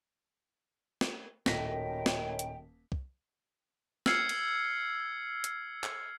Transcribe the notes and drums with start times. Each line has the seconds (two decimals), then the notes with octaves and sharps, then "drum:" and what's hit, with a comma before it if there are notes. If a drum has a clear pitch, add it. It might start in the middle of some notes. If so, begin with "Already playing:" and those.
1.01 drum: snare
1.46 D#1 F#2 A2 D#3 G5 A#6 B6, drum: snare
2.06 drum: snare
2.39 drum: hi-hat
2.92 drum: kick
4.06 E6 F6 G#6 C7 C#7, drum: snare
4.29 drum: cymbal
5.44 drum: hi-hat
5.84 drum: clap